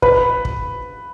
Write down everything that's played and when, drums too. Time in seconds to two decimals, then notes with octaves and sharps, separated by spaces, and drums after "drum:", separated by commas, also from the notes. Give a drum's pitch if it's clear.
0.02 B4, drum: kick
0.45 drum: kick